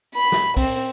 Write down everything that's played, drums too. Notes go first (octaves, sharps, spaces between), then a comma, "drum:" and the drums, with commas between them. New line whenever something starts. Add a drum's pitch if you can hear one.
B5
drum: snare
C4, drum: kick, open hi-hat